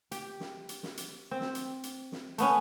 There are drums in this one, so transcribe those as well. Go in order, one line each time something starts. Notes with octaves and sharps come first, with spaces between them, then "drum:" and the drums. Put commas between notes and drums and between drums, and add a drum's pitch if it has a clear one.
G4, drum: hi-hat
drum: snare
drum: hi-hat
drum: snare
drum: hi-hat
C4
drum: snare
drum: hi-hat
drum: hi-hat
drum: snare
A3 B3 C#4, drum: hi-hat